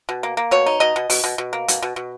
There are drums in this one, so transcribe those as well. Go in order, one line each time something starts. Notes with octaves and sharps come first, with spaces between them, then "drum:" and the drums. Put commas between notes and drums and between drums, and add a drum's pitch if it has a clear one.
B2
A#3
A#3
B2 C#5
D#4
B2 D#5
B2
B2, drum: open hi-hat
B2
B2
A#3
B2, drum: hi-hat
B2
B2